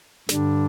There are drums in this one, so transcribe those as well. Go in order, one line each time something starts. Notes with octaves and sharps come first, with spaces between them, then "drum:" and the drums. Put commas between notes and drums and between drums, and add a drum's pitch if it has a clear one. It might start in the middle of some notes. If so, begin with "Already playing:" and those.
G2 D3 G3 D4, drum: snare